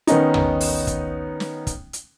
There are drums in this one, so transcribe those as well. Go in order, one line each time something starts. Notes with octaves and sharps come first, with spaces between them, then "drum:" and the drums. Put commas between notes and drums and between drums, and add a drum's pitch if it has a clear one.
D#3 B3 C#4 D#4, drum: hi-hat
drum: tom
drum: open hi-hat
drum: kick, hi-hat
drum: snare
drum: kick, hi-hat
drum: hi-hat